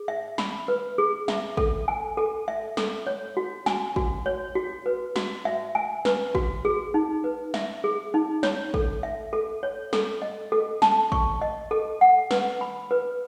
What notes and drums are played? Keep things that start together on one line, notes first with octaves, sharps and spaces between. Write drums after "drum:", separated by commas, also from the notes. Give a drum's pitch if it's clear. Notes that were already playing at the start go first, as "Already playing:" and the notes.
Already playing: G#4
E5
B5, drum: snare
B4
G#4
E5, drum: snare
A4, drum: kick A1
G#5
A4
E5
A4, drum: snare
C#5
F#4
G#5, drum: snare
F#4, drum: kick A1
C#5
F#4
B4
F#4, drum: snare
E5
G#5
B4, drum: snare
F#4, drum: kick A1
G#4
D#4
B4
E5, drum: snare
G#4
D#4
C#5, drum: snare
A4, drum: kick A1
E5
A4
C#5
A4, drum: snare
D#5
A4
A5, drum: snare
C#6, drum: kick A1
D#5
A4
F#5
B4, drum: snare
B5
B4